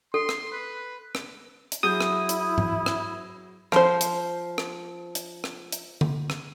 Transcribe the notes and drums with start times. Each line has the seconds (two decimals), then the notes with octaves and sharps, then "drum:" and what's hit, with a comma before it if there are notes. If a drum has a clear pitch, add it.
0.14 A4 C6
0.29 drum: rim click
0.52 B4
1.15 drum: rim click
1.72 drum: hi-hat
1.83 F#3 E4 G#4 D#6 G6
2.01 drum: rim click
2.29 drum: hi-hat
2.58 drum: tom G#2
2.86 drum: rim click
3.72 F3 C5, drum: rim click
4.01 drum: hi-hat
4.58 drum: rim click
5.15 drum: hi-hat
5.44 drum: rim click
5.72 drum: hi-hat
6.01 drum: tom D3
6.30 drum: rim click